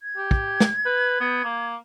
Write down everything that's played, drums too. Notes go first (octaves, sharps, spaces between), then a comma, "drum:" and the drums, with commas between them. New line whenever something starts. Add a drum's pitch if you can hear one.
G#6
G4
drum: kick
drum: snare
B4
B3
A#3